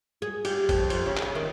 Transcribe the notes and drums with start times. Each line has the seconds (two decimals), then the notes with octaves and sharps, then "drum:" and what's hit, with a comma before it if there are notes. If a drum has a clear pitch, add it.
0.22 G#4
0.45 G4, drum: cymbal
0.69 F2, drum: kick, cymbal
0.90 F2, drum: cymbal
1.06 C#3
1.17 drum: clap
1.35 D#3